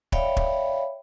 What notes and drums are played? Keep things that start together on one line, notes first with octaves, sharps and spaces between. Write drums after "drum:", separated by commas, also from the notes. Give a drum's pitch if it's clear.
C#5 D5 E5 F5 G5 B5, drum: kick
drum: kick